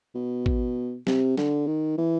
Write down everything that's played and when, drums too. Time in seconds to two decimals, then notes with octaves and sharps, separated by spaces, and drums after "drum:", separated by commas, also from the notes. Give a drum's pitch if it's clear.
0.15 B2
0.46 drum: kick
1.07 C3, drum: snare
1.37 D3, drum: snare
1.67 D#3
1.98 E3